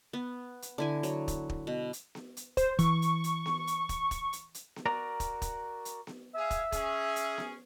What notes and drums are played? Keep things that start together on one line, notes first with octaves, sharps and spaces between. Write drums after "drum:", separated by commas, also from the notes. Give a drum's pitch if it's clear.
B3
drum: hi-hat
D3 E4 G#5
F#3, drum: hi-hat
drum: kick, hi-hat
drum: kick
B2
drum: hi-hat
drum: snare B3
drum: hi-hat
C5, drum: kick, hi-hat
E3 C#6, drum: kick, hi-hat
drum: hi-hat
drum: hi-hat
drum: snare B3
drum: hi-hat
drum: kick, hi-hat
drum: kick, hi-hat
drum: hi-hat
drum: hi-hat
drum: snare B3
F#4 A#4 D5 A#5
drum: kick, hi-hat
drum: kick, hi-hat
drum: hi-hat
drum: snare B3
G#4 E5 F5 G#5
drum: kick, hi-hat
C#4 G#4, drum: kick, hi-hat
drum: hi-hat
drum: snare B3